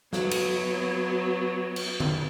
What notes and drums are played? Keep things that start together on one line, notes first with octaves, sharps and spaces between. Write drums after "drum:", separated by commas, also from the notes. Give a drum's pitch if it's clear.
F#3 B3, drum: snare
drum: cymbal
drum: cymbal
drum: tom D3